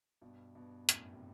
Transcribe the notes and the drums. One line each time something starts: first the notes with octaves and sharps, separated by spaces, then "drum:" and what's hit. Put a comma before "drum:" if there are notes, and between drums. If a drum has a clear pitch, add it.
G2 B2
G2 B2
F#2 A2, drum: hi-hat
C3